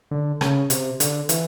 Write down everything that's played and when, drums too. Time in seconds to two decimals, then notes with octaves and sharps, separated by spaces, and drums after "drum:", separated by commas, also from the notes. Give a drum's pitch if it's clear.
0.11 D3
0.41 C#3, drum: rim click
0.70 C3, drum: hi-hat
1.00 D3, drum: hi-hat
1.29 E3, drum: hi-hat